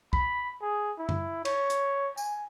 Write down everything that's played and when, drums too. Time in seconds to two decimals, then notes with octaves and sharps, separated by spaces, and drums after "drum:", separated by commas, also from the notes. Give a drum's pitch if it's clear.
0.13 B5, drum: kick
0.62 G#4
0.99 E4
1.09 drum: tom F#2
1.45 C#5, drum: cymbal
1.70 drum: hi-hat
2.17 G#5, drum: tambourine